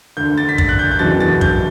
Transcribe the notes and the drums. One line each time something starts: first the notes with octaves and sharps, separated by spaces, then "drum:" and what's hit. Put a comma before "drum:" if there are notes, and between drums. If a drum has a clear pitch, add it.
D2 D3 G6
A6
B6
A6, drum: kick
F#6
G6
G6
F#1 E2 B2 A6
A6
G6, drum: kick